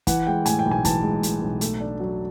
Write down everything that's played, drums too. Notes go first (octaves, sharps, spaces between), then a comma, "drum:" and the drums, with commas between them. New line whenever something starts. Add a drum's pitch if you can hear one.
E3 F#5, drum: kick, hi-hat
G#3 G5
A2 G#5, drum: hi-hat
G5
B1
G#5
E3 A5, drum: kick, hi-hat
G#3
A2, drum: hi-hat
B1
A3, drum: hi-hat
D4
F#3